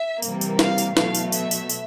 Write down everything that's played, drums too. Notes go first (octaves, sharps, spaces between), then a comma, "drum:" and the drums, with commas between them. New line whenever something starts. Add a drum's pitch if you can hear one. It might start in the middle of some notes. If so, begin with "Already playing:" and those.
Already playing: E5
C3 E3 G3 A#3, drum: tambourine
drum: tambourine
F5, drum: snare
drum: tambourine
B2 F#3 A3 F5, drum: snare
drum: tambourine
E5, drum: tambourine
drum: tambourine
drum: tambourine